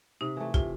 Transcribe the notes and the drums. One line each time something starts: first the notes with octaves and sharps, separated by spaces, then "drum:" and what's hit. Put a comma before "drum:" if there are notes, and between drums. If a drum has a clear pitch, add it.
C3 D#4
E3 A3
C3 F4, drum: kick